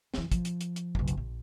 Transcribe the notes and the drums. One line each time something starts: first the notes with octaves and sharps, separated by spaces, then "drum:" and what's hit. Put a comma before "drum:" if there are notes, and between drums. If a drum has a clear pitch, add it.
F#2 E3, drum: snare
F3, drum: kick, hi-hat
drum: hi-hat
drum: hi-hat
drum: hi-hat
F#1 B1, drum: kick
drum: hi-hat
A#1